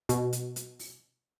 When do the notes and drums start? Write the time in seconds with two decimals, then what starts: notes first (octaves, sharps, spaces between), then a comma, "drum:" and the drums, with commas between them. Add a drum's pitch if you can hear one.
0.09 B2, drum: hi-hat
0.33 drum: hi-hat
0.56 drum: hi-hat
0.79 drum: open hi-hat